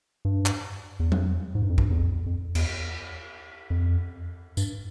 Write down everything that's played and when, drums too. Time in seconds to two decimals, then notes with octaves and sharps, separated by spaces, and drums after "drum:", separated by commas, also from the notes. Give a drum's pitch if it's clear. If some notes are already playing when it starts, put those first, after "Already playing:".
0.25 G2
0.46 drum: clap
1.00 E2
1.12 F2, drum: tom F#3
1.55 G#2
1.62 G2
1.70 F2
1.78 G2, drum: kick B1
1.90 E2
1.98 F2
2.26 F2
2.55 E2, drum: cymbal
3.70 F2
4.57 G2, drum: tambourine